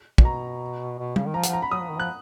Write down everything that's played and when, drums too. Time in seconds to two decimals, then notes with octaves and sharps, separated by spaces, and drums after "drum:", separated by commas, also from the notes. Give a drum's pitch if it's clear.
0.18 A#2, drum: kick
0.25 B2 A#5
0.98 B2
1.16 C#3, drum: tom
1.26 D#3
1.34 F3 A#5
1.43 F#5, drum: hi-hat
1.47 F3
1.53 A#5
1.62 B5
1.71 F#3 D#6
1.80 F3
1.90 D#3
1.99 F3 F#6